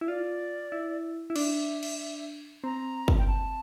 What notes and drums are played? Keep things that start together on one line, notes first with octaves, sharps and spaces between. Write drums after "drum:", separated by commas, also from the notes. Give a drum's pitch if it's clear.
E4
F4 D5
E4
E4
D4 E5, drum: cymbal
drum: cymbal
C4 A#5
drum: kick
G5
A5